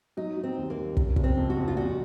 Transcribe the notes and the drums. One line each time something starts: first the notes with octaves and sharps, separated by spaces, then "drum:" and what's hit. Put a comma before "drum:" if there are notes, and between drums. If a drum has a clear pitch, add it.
F#3 D#4
F#3
C4
D#2
A#3
D#2
F#1, drum: kick
F#1, drum: kick
C4
F2
F#4
F2
F4
A#2 F#4